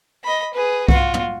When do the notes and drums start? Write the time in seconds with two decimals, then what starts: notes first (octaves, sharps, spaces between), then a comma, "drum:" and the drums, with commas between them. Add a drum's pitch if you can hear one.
0.24 D#5 B5
0.54 G#4 B4
0.88 F4 F#4, drum: kick C2
1.14 drum: tom